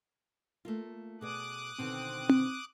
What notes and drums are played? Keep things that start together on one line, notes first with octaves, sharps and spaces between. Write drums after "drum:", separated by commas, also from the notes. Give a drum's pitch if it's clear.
A3 A#3 F4
B2 G#4 D5 D6 D#6 F#6
B2 D3 D#3 C4
drum: tom C4